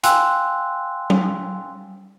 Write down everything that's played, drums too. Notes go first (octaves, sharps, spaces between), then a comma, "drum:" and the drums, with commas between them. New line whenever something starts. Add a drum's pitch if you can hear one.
F5 G5 G#5 C6 E6 F#6, drum: hi-hat
drum: tom F#3